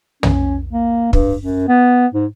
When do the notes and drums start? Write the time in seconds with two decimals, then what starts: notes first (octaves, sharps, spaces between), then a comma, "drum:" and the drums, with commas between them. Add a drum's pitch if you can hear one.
0.23 C#4, drum: tom
0.73 A#3
1.13 G2, drum: kick
1.41 F#2
1.68 B3
2.14 G#2